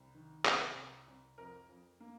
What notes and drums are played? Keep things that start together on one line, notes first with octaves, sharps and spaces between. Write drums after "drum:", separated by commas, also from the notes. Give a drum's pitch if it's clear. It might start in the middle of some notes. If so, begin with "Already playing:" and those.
Already playing: C2
D#3
C3, drum: clap
C2
C2
F2 A#4
F2
A#3